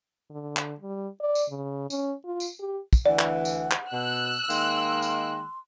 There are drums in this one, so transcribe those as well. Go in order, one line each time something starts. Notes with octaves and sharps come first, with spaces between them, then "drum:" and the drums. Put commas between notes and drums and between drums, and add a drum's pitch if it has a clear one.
D3
drum: clap
G3
D5
drum: tambourine
C#3
C#4, drum: tambourine
F4
drum: tambourine
G4
drum: kick, tambourine
D2 E3 D5 F#5
drum: clap
drum: tambourine
drum: clap
B2 E6 F#6
D#3 G#3 A#3 C6, drum: tambourine
drum: tambourine